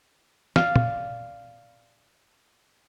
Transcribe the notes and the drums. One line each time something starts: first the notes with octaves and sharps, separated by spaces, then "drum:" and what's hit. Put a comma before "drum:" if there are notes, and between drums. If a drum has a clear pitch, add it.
D5 F5, drum: snare
drum: tom